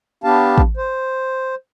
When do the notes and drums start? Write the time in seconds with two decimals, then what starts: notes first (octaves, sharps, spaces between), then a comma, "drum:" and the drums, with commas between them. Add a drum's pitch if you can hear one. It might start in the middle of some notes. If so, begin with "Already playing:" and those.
0.24 B3 D4 G4 F5 A5
0.58 drum: kick
0.77 C5